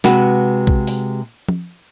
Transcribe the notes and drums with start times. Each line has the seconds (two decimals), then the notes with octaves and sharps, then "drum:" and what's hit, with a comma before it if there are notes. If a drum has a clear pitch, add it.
0.04 C3 G#3 F#4 B4, drum: snare
0.67 drum: kick A#1
0.87 drum: open hi-hat
1.48 drum: tom F3